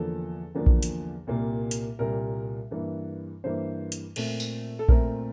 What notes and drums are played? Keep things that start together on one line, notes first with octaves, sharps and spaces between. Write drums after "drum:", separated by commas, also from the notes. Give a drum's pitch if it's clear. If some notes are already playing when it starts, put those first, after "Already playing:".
Already playing: E2 D3 F3 A#3 D4 A4
E2 D3 F3 A#3 D4
drum: kick A#1
drum: hi-hat
C2 A#2 G3 A#3
drum: hi-hat
C2 A#2 G3 A#3 A#4
G2 E3 A#3
G2 E3 A#3 C5
drum: hi-hat
A#2 A3 C4, drum: cymbal
drum: tambourine
A4
A#2 A3 C4 A#4, drum: kick A#1